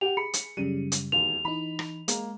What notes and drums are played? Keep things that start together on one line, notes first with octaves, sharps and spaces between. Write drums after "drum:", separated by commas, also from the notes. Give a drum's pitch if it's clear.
G4 F#5 F7
G#4 B5 C#7
drum: hi-hat
F#2 C#3 G3 D#7
drum: hi-hat
E1 D#2 F7
E3 D#4 B5
drum: rim click
G#3 A#3, drum: hi-hat